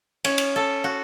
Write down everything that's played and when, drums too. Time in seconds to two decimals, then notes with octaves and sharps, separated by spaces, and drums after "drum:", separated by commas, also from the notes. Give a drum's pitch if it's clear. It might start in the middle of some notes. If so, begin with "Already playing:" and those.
0.24 C#4, drum: cymbal
0.38 drum: cymbal
0.56 A4
0.84 F#4